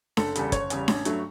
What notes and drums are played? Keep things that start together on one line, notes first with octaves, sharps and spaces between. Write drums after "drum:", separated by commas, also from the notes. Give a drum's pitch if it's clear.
F#1 A4, drum: snare D4
E2 C#3 G3, drum: hi-hat
F#1 C#5, drum: kick, hi-hat
E2 C#3 G3, drum: hi-hat
A1, drum: snare D4
G2 F#3 A3, drum: hi-hat